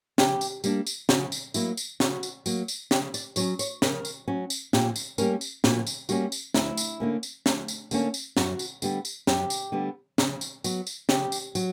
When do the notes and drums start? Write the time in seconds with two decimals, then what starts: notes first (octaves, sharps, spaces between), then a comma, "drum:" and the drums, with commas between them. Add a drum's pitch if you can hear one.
0.18 C#3 G4, drum: snare
0.41 drum: tambourine
0.64 G3 A#3 D4, drum: tambourine
0.86 drum: tambourine
1.09 C#3 F#4, drum: snare
1.32 drum: tambourine
1.54 F#3 A#3 E4, drum: tambourine
1.77 drum: tambourine
2.00 C#3 F#4, drum: snare
2.23 drum: tambourine
2.46 F#3 A#3, drum: tambourine
2.68 drum: tambourine
2.91 C#3 G4, drum: snare
3.14 D5, drum: tambourine
3.36 F#3 C#4 C#5, drum: tambourine
3.59 C#5, drum: tambourine
3.82 C#3 A#4, drum: snare
4.05 drum: tambourine
4.28 F#3 C#4
4.50 drum: tambourine
4.73 A#2 G4, drum: snare
4.96 drum: tambourine
5.18 G3 A#3 C#4 A#4, drum: tambourine
5.41 drum: tambourine
5.64 A#2 F#4, drum: snare
5.87 drum: tambourine
6.09 G3 A#3 C#4 F#4, drum: tambourine
6.32 drum: tambourine
6.54 D2 E4, drum: snare
6.77 drum: tambourine
7.00 D3 A#3 C#4
7.23 drum: tambourine
7.46 D2, drum: snare
7.68 drum: tambourine
7.91 D3 A#3 C#4, drum: tambourine
8.14 drum: tambourine
8.37 F#2 F#4, drum: snare
8.59 drum: tambourine
8.82 D3 G3 B3, drum: tambourine
9.05 drum: tambourine
9.27 F#2 G4, drum: snare
9.50 drum: tambourine
9.72 D3 G3 B3
10.18 C#3, drum: snare
10.41 drum: tambourine
10.64 F#3 B3, drum: tambourine
10.87 drum: tambourine
11.09 C#3 G4, drum: snare
11.32 drum: tambourine
11.55 F#3, drum: tambourine